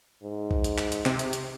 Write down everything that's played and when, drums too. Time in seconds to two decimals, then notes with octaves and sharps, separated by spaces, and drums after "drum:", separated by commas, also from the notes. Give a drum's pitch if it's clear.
0.23 G#2
0.51 drum: kick
0.64 drum: hi-hat
0.78 drum: clap
0.92 drum: hi-hat
1.06 C3, drum: clap
1.19 drum: hi-hat
1.33 drum: hi-hat